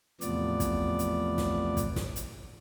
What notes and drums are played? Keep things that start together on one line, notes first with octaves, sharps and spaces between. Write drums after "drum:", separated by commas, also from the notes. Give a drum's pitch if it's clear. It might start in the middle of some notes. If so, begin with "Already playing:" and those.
E2 A2 C3 F3 B3 D5, drum: hi-hat
drum: kick, hi-hat
drum: hi-hat
drum: snare
drum: kick, hi-hat
drum: snare
drum: hi-hat